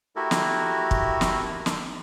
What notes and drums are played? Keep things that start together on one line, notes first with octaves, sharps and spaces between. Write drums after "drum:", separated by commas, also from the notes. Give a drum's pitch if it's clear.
A3 E4 F#4 G4 A4 A#4
drum: snare
drum: kick
drum: snare
drum: snare